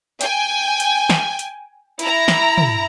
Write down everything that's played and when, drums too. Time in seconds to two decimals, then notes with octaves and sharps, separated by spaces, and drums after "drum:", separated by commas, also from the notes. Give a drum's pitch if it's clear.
0.21 G5 G#5, drum: hi-hat
0.80 drum: hi-hat
1.10 drum: snare
1.39 drum: hi-hat
1.99 E4 A#5, drum: hi-hat
2.28 drum: snare
2.58 drum: tom